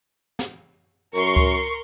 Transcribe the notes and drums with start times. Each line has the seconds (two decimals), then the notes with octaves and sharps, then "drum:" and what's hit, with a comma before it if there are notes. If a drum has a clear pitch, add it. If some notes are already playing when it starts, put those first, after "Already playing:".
0.39 drum: snare
1.15 F#2 A#4 C6 C#6, drum: hi-hat
1.36 drum: kick C#2